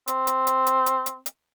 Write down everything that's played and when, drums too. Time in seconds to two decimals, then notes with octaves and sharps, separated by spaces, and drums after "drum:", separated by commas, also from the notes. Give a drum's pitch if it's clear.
0.08 C4, drum: hi-hat
0.27 drum: hi-hat
0.47 drum: hi-hat
0.67 drum: hi-hat
0.86 drum: hi-hat
1.06 drum: hi-hat
1.26 drum: hi-hat